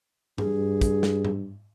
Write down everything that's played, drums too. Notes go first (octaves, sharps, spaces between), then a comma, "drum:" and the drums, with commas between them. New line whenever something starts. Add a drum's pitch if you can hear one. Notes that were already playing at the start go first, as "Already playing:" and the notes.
G2 G#4, drum: tom G2
drum: kick, hi-hat
drum: snare
drum: tom G#2